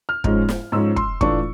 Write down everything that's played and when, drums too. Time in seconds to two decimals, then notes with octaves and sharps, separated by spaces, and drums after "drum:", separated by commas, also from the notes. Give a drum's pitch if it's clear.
0.09 F6
0.24 G#2 F3 G#3 C#4, drum: kick
0.49 drum: snare
0.72 G#2 F3 G#3 C#4 E6
0.96 C6, drum: kick
1.21 A2 E3 A3 D4 F4 C#6, drum: kick